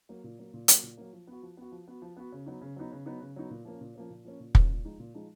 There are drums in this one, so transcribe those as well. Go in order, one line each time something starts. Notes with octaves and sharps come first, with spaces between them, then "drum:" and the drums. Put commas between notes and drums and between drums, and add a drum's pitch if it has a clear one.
F#3 A#3
A#2
F#3 A#3
A#2
F#3 A#3, drum: hi-hat
A#2
F#3 A#3
F3
B3 F#4
F3
B3 F#4
F3
B3 F#4
F3
B3 F#4
C#3
F#3 B3 D#4
C#3
F#3 B3 D#4
C#3
F#3 B3 D#4
C#3
F#3 B3 D#4
A#2
F3 A#3 C#4
A#2
F3 A#3 C#4
A#2
F3 A#3 C#4
A#2
F3 A#3 C#4, drum: kick
A#2
F3 G#3 D#4
A#2
F3 G#3 D#4